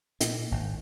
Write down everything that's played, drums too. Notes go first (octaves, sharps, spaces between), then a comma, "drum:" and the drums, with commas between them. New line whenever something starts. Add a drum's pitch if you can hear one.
A#2, drum: hi-hat
G#1